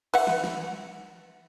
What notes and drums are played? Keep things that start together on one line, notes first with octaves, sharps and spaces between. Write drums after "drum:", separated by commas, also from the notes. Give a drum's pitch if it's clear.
B4 E5 F#5, drum: cymbal
drum: snare
drum: snare